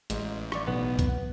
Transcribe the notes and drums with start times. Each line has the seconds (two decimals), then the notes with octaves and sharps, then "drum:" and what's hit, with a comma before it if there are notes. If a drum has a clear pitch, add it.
0.10 A1 G#3, drum: hi-hat
0.52 D5 C#6, drum: rim click
0.67 B1 B3
0.99 drum: kick, hi-hat